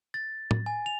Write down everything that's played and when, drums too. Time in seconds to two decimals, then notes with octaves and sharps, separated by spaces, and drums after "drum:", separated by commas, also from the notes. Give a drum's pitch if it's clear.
0.14 A6
0.51 drum: tom A2
0.66 G#5
0.86 F7